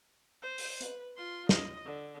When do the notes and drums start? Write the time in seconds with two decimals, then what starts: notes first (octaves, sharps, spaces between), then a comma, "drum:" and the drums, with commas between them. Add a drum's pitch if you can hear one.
0.42 C5
0.58 drum: open hi-hat
0.81 B4, drum: hi-hat
1.17 F4 C6
1.49 D#5, drum: snare
1.86 D3